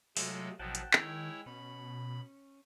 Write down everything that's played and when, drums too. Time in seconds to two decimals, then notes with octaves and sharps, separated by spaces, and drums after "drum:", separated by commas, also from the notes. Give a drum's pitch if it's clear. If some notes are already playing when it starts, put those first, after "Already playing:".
0.17 C3 F#3 G#3 A3 F4 G#4 A4, drum: open hi-hat
0.59 A1 B2 F3 F#3 F#5 G5 A5
0.75 drum: hi-hat
0.93 D#3 G#3 E4 C#5 G5 E6, drum: clap
1.46 B2 C#4 B5